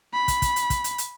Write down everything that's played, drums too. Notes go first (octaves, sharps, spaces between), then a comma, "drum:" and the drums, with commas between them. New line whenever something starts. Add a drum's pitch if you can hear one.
B5
drum: kick, hi-hat
drum: kick, hi-hat
drum: hi-hat
drum: kick, hi-hat
drum: hi-hat
drum: hi-hat